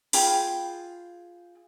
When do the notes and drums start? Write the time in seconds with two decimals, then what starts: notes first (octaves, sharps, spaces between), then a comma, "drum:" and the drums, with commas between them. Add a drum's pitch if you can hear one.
0.13 F4 G#4 G5 B5, drum: open hi-hat